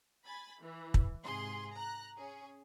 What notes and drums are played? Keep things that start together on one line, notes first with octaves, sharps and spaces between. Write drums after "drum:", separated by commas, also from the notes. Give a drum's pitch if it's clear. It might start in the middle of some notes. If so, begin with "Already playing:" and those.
G#5 B5 A6
E3
drum: kick
G#2 C3 G#4 C6
A#5 F#6
C#4 G#4